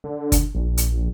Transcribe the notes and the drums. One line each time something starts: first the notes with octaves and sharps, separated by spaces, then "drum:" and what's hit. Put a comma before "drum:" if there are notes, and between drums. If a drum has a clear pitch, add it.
D3
drum: kick, hi-hat
A#1
drum: hi-hat